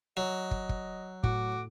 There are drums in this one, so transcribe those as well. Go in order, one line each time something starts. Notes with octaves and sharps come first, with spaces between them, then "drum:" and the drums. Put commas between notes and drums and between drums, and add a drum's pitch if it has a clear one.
F#3 D#5
drum: kick
drum: kick
A2 F#4 D6, drum: kick